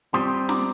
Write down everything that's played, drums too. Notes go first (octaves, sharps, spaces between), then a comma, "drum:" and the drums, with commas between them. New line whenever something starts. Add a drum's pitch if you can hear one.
G3 C4 G4 C5 C6 D#6
A#5 D6, drum: snare